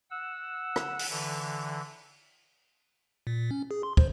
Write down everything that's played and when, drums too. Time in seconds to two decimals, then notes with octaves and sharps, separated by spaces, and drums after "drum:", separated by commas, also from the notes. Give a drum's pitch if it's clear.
0.11 F#5 E6
0.76 drum: rim click
0.99 drum: open hi-hat
1.09 D3 E3
3.27 A#2
3.51 C#4
3.71 G#4
3.83 C6
3.97 C5, drum: kick